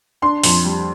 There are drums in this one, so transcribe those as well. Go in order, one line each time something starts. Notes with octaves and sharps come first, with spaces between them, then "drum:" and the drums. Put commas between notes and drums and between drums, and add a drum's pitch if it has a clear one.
D4 C6
F2, drum: open hi-hat
G3